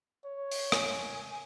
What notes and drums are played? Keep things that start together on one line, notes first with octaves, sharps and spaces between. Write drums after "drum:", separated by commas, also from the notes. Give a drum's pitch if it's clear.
C#5
drum: open hi-hat
G#5, drum: rim click